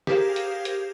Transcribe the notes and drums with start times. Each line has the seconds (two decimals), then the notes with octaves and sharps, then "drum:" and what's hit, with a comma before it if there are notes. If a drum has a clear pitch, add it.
0.07 G4 G#4 A#4 C5 F5, drum: snare
0.36 drum: hi-hat
0.65 drum: hi-hat